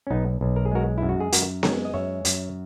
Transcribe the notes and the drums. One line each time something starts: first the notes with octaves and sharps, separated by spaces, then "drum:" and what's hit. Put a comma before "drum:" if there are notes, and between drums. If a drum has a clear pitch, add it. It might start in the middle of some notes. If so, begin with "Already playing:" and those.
C#4
B1 B3 D#4
B1
A#4
G#4
G#3 F#4 A#4
F#2 E4
F#4
G#4
F#2 F#4 A#4, drum: hi-hat
G#3 A#4 C#5, drum: snare B3
D#5
F#2 C#5 E5
F#2, drum: hi-hat